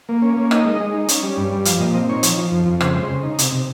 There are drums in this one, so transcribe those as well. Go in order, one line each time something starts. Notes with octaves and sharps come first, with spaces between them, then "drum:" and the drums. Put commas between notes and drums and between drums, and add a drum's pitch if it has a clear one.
A#3
C#4
A#3
D#4 D#5, drum: rim click
G#3
G#3
D#4
C#4, drum: hi-hat
G3
G2
G3
F3 F5, drum: hi-hat
A#2 D#5
C4 D#5
D#4 C#5
F3, drum: hi-hat
F3
F2
F2
C#3 C5, drum: rim click
G#3
C#3
D#4
C3, drum: hi-hat
C3